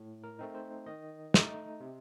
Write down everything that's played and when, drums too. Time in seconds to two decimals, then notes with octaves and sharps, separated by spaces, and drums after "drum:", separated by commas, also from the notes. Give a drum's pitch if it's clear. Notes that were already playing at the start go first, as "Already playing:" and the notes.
Already playing: A2
0.24 A#4
0.39 A3 C4 D#4
0.55 C5
0.86 D#3 D#5
1.34 A3 D#4, drum: snare
1.80 C3